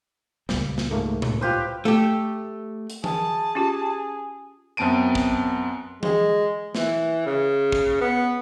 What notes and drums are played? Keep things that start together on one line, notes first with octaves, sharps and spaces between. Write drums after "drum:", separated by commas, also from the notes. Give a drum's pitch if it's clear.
C#2 A#2 G3, drum: snare
drum: snare
G#2 A3 A#3
drum: tom A2
F4 G4 B4 C5
A3 G4
drum: hi-hat
G#4 A5, drum: tom E3
C#4 F4 G4
F#2 B3 C4 A5 D7 D#7
drum: kick
G#3, drum: tom E3
E3, drum: snare
C#3
drum: kick
B3